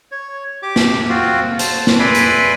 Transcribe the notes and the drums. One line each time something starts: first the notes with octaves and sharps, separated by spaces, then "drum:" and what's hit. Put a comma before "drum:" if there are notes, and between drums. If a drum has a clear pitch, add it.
C#5
G4 D6
drum: snare
C4 F4 F#4
C5 A5, drum: hi-hat
drum: snare
B4 D5 E5 G#5 B5 C6
drum: hi-hat